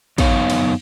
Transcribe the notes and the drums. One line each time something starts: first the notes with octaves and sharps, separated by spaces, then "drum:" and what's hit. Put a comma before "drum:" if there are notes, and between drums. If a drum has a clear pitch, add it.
F#2 B3 D#4 C#5 F5, drum: kick, cymbal
drum: cymbal